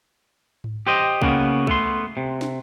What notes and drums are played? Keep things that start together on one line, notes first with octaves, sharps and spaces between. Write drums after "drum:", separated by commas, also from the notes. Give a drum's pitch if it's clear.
drum: tom G#2
G4 C5 D#5
C#3 A#3 B3 C#4 D#4 F#4, drum: kick C2
A3 B3 C6, drum: kick C2
C3
drum: snare